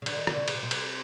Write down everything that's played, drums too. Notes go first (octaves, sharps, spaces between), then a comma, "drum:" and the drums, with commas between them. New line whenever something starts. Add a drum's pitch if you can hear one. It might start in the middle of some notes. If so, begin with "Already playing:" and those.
C#3
D3, drum: cymbal
D#3
D3, drum: rim click
C#3
C#3, drum: cymbal
C3
B2
C3, drum: cymbal